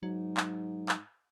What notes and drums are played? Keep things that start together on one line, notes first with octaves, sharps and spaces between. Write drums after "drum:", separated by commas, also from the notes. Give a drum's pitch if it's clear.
G#2 F#3
drum: clap
drum: clap